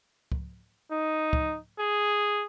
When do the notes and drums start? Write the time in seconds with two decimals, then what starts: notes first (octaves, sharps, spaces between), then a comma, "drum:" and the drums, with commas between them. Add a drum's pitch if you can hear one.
0.32 drum: kick
0.91 D#4
1.33 drum: kick
1.79 G#4